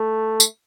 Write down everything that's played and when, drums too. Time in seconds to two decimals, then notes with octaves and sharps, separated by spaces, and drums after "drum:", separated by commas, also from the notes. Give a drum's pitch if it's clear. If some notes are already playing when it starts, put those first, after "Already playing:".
Already playing: A3
0.40 drum: tambourine